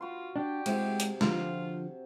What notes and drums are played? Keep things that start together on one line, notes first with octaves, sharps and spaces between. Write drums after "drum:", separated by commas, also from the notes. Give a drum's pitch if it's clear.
F4 F#4 C6
D4 G4
C3 G#3 E4, drum: cymbal
drum: hi-hat
D3 F3 F4, drum: snare